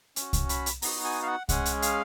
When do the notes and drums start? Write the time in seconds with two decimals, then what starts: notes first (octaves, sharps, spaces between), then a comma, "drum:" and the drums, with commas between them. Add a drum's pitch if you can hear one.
0.16 C#4 F#4, drum: hi-hat
0.33 drum: kick C2, hi-hat
0.49 B5, drum: hi-hat
0.66 drum: hi-hat
0.82 B3 D#4 F#4 A#5, drum: open hi-hat
1.04 G#5
1.23 F5
1.27 F#5
1.49 G#3 C#4 G#4 F#5, drum: kick C2, hi-hat
1.65 drum: hi-hat
1.82 F5, drum: hi-hat